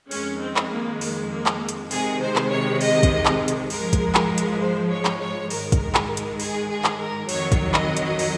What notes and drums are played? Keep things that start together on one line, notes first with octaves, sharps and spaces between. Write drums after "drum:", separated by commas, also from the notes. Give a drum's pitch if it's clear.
F2 D#3 G#3 C#4, drum: open hi-hat
C4
drum: clap
A#3
A#3, drum: open hi-hat
A#3
drum: clap
drum: hi-hat
C3 D#3 G#3 G#4, drum: open hi-hat
C5
drum: clap
C#5
D#5, drum: open hi-hat
drum: kick, hi-hat
drum: clap
drum: hi-hat
G#2 F3 G#3 A#4, drum: open hi-hat
drum: kick, hi-hat
A#4, drum: clap
drum: hi-hat
C5
C#5
drum: clap
C#5
G#2 D#3 G#3 A#4, drum: open hi-hat
drum: kick, hi-hat
drum: clap
drum: hi-hat
G#4, drum: open hi-hat
G#4
drum: clap
A#4
F2 D#3 F#3 C#5, drum: open hi-hat
drum: kick, hi-hat
D#5, drum: clap
drum: hi-hat
drum: open hi-hat